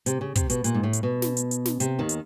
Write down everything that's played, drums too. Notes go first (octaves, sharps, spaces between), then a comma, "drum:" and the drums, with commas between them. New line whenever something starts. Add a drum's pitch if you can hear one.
C3, drum: hi-hat
C#3
C3, drum: kick, hi-hat
B2, drum: hi-hat
A#2, drum: hi-hat
G#2
A2
drum: hi-hat
B2
drum: snare
drum: hi-hat
drum: hi-hat
drum: snare
C3, drum: hi-hat
D#2 D#3
drum: hi-hat